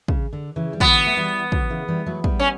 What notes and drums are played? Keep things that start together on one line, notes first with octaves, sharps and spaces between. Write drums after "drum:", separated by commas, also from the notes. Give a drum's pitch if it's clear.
C#3, drum: kick
D3
C#3 E3
G3
D3 F#3 B3, drum: kick
A3
E3 G3
D3 F#3, drum: kick
C#3 E3
E3 G3
F#3 A3
G3 B3, drum: kick
C#4